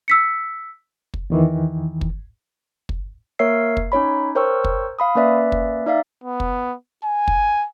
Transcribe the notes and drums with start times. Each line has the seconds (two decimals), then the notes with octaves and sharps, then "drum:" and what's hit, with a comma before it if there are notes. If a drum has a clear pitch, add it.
0.08 E6 B6 C#7
1.14 drum: kick
1.30 E2 D#3 E3
2.01 drum: kick
2.89 drum: kick
3.39 A#3 A#4 C#5 E5 E6 C7
3.77 drum: kick
3.92 C#4 D#4 C#5 B5
4.35 A#4 C5 C#5 G5 C#6 E6
4.64 drum: kick
4.99 F5 B5 D#6
5.15 A#3 C#4 B4 D5 E5
5.52 drum: kick
5.86 D#4 D5 E5 F5
6.24 B3
6.40 drum: kick
7.04 G#5
7.28 drum: kick